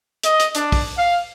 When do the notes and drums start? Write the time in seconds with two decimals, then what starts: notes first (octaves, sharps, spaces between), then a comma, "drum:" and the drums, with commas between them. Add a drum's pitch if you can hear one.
0.23 D#5, drum: hi-hat
0.40 drum: hi-hat
0.55 D4, drum: hi-hat
0.72 drum: kick, open hi-hat
0.96 F5